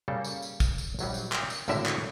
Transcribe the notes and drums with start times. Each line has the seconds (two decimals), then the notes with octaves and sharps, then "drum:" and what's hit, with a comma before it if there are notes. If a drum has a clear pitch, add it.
0.08 C#3 G3 A#3 A4
0.24 drum: tambourine
0.42 drum: tambourine
0.60 drum: kick, tambourine
0.78 drum: tambourine
0.99 A#1 F#3 G3, drum: tambourine
1.14 drum: tambourine
1.32 drum: clap
1.50 drum: tambourine
1.68 G#1 A2 D3 A#4 E5, drum: tambourine
1.86 drum: clap